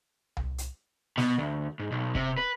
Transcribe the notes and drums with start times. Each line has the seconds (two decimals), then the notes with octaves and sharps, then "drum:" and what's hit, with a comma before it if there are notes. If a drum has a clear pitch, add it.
0.37 drum: tom C2
0.58 drum: hi-hat
1.17 B2, drum: snare
1.38 D2
1.79 G#2
1.91 B1
2.15 C3, drum: kick
2.38 B4